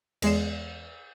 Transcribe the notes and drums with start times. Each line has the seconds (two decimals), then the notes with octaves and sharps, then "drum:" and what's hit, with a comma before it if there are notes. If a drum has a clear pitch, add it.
0.22 E2 G#3 C7 E7, drum: cymbal